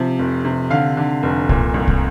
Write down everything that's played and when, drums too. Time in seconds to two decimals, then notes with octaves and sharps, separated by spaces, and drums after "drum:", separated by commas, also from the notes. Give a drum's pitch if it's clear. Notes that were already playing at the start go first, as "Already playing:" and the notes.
Already playing: C3 F3
0.19 F1
0.45 C3
0.70 D3 F5
0.97 D3
1.23 F1
1.49 A#2, drum: kick
1.74 C2
1.88 drum: kick